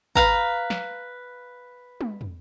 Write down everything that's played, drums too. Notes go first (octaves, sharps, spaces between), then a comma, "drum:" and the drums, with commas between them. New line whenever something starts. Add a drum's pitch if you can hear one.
B4 F5 A#5, drum: kick G#1
drum: snare
drum: tom
drum: tom